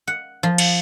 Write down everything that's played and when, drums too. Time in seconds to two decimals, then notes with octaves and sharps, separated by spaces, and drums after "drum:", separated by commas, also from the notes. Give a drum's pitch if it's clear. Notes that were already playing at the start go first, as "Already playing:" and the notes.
0.08 F#5
0.43 F3
0.58 drum: cymbal